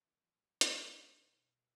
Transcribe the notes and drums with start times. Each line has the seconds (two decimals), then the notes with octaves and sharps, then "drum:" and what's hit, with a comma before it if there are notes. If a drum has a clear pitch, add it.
0.05 A#2 E3 G3 A#3 C#4 E4
0.24 F3
0.42 F#3
0.61 F3, drum: hi-hat
0.79 D#2 B2 D#3 G3 B3
1.54 E3 G#3 C4